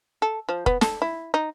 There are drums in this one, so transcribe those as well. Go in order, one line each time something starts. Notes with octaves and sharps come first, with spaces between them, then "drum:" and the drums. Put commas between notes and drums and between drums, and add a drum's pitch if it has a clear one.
A4
F3
B3, drum: kick F1
A4, drum: snare
E4
D#4